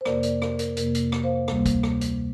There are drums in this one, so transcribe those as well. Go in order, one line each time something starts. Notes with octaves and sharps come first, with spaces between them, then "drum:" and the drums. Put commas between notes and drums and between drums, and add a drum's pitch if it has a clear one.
C5
F2 C3 A#3 A#4 D5, drum: rim click
A#4 D5, drum: hi-hat
A#4, drum: rim click
A#4, drum: hi-hat
F2 C3 A#3 A#4, drum: hi-hat
drum: hi-hat
drum: rim click
C5 F5
D2 C3 G3 A#3, drum: rim click
drum: kick, hi-hat
drum: rim click
drum: hi-hat